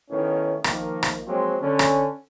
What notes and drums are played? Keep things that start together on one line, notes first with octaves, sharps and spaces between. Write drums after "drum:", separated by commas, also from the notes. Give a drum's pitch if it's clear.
A2 D#3 B3 C#4 D#4
D#3 F3 A#3, drum: rim click
drum: rim click
F3 F#3 G#3 A#3 C4
D3 C#4
drum: rim click